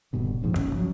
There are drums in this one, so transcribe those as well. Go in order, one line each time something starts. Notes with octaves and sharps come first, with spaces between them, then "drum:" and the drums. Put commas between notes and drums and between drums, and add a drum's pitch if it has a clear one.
D#1 G2 B2 D3
D1 A#1 G#2 F3
F#1 D#2 C#4, drum: kick
F3 F#3 C#4